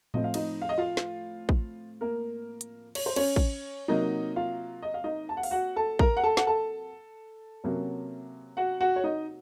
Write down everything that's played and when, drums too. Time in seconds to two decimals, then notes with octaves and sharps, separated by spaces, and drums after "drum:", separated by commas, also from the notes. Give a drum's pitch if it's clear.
0.14 A2 F3 C4 D#5, drum: tom A2
0.24 F5
0.34 D#4 D#5, drum: cymbal
0.62 F5
0.69 D#5
0.78 F4 F5
0.97 drum: snare
1.49 drum: kick
2.01 A#3 A#4
2.61 drum: hi-hat
2.95 C#5, drum: cymbal
3.06 C5
3.16 C#4 C#5, drum: cymbal
3.36 drum: kick
3.88 C3 F#3 A#3 D#4 D#5
4.36 F4 F5
4.83 D#5
4.94 F5
5.04 D#4 D#5
5.29 A5
5.37 F#5
5.43 F5, drum: open hi-hat
5.51 F#4 F#5
5.76 A4 A5
5.99 A#4 A#5, drum: kick
6.17 F#5
6.24 A4 A5
6.37 F#5, drum: snare
6.47 A4 A5
7.64 C3 F#3 A#3 C#4
8.57 F#4 F#5
8.81 F#4 F#5
8.96 C#5
9.04 D#4 D#5